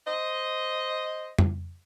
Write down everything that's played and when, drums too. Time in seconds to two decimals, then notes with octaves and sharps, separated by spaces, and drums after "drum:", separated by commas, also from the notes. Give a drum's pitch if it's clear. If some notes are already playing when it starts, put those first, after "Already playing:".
0.06 C5 D#5
1.39 drum: tom F2